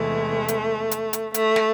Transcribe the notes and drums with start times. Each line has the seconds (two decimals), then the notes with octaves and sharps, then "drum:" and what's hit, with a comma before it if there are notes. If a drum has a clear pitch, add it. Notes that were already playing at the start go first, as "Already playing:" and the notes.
Already playing: E2 C3 E3 G#3 A3
0.48 drum: hi-hat
0.91 drum: hi-hat
1.13 drum: hi-hat
1.34 A3, drum: hi-hat
1.56 drum: snare